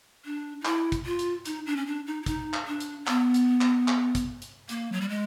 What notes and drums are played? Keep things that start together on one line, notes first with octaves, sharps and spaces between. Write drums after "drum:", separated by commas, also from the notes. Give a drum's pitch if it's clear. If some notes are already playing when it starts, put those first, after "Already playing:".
D4
D#4
E4, drum: clap
drum: kick, hi-hat
F4
drum: hi-hat
D#4, drum: hi-hat
D4
C#4
D4
D#4
E4
D#4, drum: kick, hi-hat
drum: clap
D4
drum: hi-hat
B3, drum: clap
drum: hi-hat
drum: clap
drum: clap
drum: kick, hi-hat
drum: hi-hat
A#3, drum: hi-hat
F#3
G3
G#3